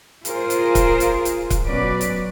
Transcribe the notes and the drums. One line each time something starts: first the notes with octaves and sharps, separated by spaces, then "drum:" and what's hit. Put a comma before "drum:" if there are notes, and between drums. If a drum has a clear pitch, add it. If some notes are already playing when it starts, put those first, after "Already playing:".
F4 G#4 A#4 C5, drum: hi-hat
drum: hi-hat
drum: kick, hi-hat
drum: hi-hat
drum: hi-hat
drum: kick, hi-hat
B2 F#3 C#4 B4 D5
drum: hi-hat